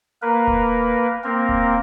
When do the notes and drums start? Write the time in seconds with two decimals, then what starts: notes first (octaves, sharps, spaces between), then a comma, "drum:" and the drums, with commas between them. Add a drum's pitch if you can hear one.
0.22 A#3 A#4 B4
0.47 drum: kick D#1
1.24 A#3 C4 A#4
1.49 drum: kick D#1